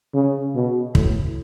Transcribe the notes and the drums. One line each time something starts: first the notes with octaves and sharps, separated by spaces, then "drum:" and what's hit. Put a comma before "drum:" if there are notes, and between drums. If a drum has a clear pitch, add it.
C#3
B2
A2, drum: kick